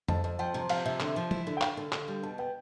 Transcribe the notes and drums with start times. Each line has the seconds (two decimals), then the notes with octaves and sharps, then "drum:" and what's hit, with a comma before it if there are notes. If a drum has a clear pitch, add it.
0.08 F2 A5, drum: tom F2
0.24 F2
0.39 F3 G5
0.54 C3
0.69 F3 F5, drum: cymbal
0.85 C3 E5
1.00 D3, drum: clap
1.16 F3
1.31 E4, drum: tom F3
1.47 D3
1.57 G5
1.61 D3 F5, drum: clap
1.77 D3
1.92 D3, drum: clap
2.08 G3
2.23 B2 A5
2.38 B3 G5